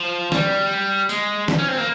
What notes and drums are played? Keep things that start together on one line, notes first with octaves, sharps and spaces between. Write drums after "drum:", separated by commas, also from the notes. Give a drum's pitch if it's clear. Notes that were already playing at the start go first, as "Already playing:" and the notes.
Already playing: F3
G3, drum: snare
G#3, drum: tambourine
drum: snare
C#4
C4
A#3